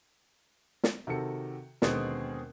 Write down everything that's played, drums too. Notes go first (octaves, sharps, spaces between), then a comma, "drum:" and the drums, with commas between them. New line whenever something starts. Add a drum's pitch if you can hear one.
drum: snare
C3 D#3 F#4 A4 C#7
D#2 B2 D3 G#3 C4 G#4, drum: snare